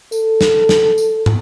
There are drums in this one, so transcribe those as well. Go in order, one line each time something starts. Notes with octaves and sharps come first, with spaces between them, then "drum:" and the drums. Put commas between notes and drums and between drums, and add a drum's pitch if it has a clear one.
A4, drum: tambourine
drum: snare
drum: snare
drum: tambourine
drum: tom